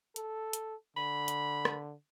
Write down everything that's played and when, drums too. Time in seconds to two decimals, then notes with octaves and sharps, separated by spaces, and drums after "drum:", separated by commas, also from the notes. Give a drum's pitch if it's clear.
0.16 A4, drum: hi-hat
0.53 drum: hi-hat
0.97 D3 B5
1.28 drum: hi-hat
1.65 drum: rim click